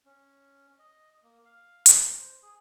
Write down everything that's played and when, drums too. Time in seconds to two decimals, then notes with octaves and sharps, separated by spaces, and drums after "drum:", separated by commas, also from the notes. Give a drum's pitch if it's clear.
0.05 C#4
0.79 D#5
1.23 A#3
1.45 F5
1.86 A#5, drum: hi-hat
2.19 C5
2.43 G#4